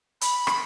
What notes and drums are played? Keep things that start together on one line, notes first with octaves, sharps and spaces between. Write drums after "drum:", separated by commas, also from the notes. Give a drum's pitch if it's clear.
B5, drum: hi-hat
drum: rim click